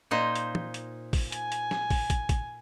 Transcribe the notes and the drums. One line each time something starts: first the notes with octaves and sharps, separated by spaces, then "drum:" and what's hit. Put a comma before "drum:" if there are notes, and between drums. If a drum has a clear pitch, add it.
A#2 D#4 C5
drum: hi-hat
drum: tom
drum: hi-hat
drum: kick, open hi-hat
G#5, drum: hi-hat
drum: hi-hat
drum: snare
drum: kick, open hi-hat
drum: kick, hi-hat
drum: kick, hi-hat